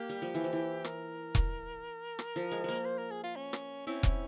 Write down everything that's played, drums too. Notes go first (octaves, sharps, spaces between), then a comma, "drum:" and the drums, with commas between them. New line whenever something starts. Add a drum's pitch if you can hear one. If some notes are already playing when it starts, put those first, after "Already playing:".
Already playing: A#3 G4
G3
F3
E3
F3
E3
A#4, drum: rim click
drum: kick E1
drum: rim click
F3
G#3
G#3 A#3
C5
A#4
G#4
F4
C#4
drum: rim click
C4 C#4 E4
drum: kick E1